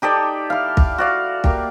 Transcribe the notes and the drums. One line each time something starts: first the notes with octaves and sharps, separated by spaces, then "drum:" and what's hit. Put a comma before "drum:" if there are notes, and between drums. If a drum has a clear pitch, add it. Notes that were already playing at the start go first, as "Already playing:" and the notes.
D#4 G4 A4 D5
E4 F5
drum: kick
F#4 D5 F5
A#3 G4, drum: kick